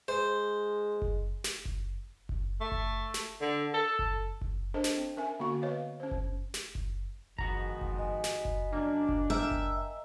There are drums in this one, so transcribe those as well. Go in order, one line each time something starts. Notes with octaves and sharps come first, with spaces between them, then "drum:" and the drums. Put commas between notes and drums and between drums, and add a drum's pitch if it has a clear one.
G#3 C5
drum: kick F#1
drum: snare
drum: kick F#1
drum: kick F#1
A3
drum: kick F#1
drum: snare
D3
A4
drum: kick F#1
drum: kick F#1
D4 A4 A#4 C5 D#5 A5
drum: snare
C4
C#4 A#4 E5 G#5
D3 A#3 B3 F#4 C#6
B4 C#5 D#5 F5
C#4 C5
drum: kick F#1
drum: snare
drum: kick F#1
F2 G#2 D#3 B3 F#4 A#5, drum: kick F#1
drum: kick F#1
D#5 G#5
drum: snare
drum: kick F#1
F#2 F#3 A#3 D4
drum: kick F#1
A#4 E5 G5
drum: kick F#1